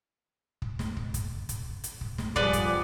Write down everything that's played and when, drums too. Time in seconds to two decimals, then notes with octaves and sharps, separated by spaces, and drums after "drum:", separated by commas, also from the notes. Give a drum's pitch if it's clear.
0.62 drum: kick
0.79 drum: snare
0.97 drum: kick
1.14 drum: kick, hi-hat
1.49 drum: kick, hi-hat
1.84 drum: hi-hat
2.01 drum: kick
2.18 drum: snare
2.36 F3 G3 B3 G#4 D5, drum: kick
2.53 drum: kick, hi-hat